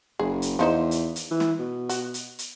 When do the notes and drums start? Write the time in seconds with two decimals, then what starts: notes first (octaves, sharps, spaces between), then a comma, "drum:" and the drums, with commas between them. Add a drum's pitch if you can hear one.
0.19 F#1 G#4
0.42 drum: hi-hat
0.59 E2 F3 D#4 C5
0.91 drum: hi-hat
1.16 drum: hi-hat
1.31 E3
1.40 drum: snare
1.59 B2
1.89 F#4, drum: hi-hat
2.14 drum: hi-hat
2.39 drum: hi-hat